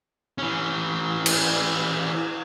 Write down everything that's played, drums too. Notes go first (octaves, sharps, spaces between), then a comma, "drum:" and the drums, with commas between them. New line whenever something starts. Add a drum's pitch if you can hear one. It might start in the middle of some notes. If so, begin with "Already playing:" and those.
E3 C#4
drum: cymbal